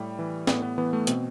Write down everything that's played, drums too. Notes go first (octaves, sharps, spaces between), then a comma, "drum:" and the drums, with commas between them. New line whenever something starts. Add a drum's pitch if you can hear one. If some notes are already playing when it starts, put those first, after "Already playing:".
Already playing: A2 G3
E3
A2 B3, drum: snare
B3
E3 B3
A3
B2 C4, drum: hi-hat